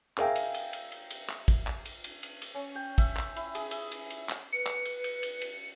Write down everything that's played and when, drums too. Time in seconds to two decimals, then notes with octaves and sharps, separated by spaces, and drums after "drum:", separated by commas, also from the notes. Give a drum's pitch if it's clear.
0.18 G#4 A#4 E5 F5 G5 G#5, drum: clap
0.36 drum: cymbal
0.54 drum: cymbal
0.73 drum: cymbal
0.92 drum: cymbal
1.11 drum: cymbal
1.29 drum: clap
1.48 drum: kick A1, cymbal
1.67 drum: clap
1.85 drum: cymbal
2.04 drum: cymbal
2.23 drum: cymbal
2.42 drum: cymbal
2.55 C#4
2.75 G5
2.98 E5, drum: kick A1, cymbal
3.17 drum: clap
3.36 E4, drum: cymbal
3.55 G#4, drum: cymbal
3.71 E5, drum: cymbal
3.92 drum: cymbal
4.10 drum: cymbal
4.29 drum: clap
4.52 B4 C#7
4.67 drum: clap
4.85 drum: cymbal
5.04 drum: cymbal
5.23 drum: cymbal
5.42 drum: cymbal